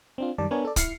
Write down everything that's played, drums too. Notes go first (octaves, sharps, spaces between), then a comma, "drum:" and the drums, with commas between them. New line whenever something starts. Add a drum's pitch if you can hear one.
C4 D4 F4
F#2 D#3 G3 D5 A5
B3 D4 A#4 C#5 G#5
A4 D5
E4 F6 C7 C#7, drum: kick, hi-hat